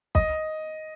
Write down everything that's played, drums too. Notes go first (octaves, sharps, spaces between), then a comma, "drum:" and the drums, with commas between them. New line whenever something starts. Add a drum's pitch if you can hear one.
D#5, drum: kick